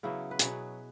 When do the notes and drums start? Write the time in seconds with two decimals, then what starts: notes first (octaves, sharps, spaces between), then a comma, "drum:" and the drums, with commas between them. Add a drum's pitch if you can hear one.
0.03 C#3 F#3 B3 E4
0.31 B4
0.39 B2 F#3 B3 G#4, drum: hi-hat